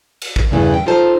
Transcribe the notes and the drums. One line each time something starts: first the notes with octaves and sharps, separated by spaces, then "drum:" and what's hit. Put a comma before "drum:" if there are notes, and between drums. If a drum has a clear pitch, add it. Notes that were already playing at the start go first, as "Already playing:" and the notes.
drum: cymbal
drum: kick
E2 G2 C#3 E3 A3 B3
G5
D#4 F4 A4 C5 A5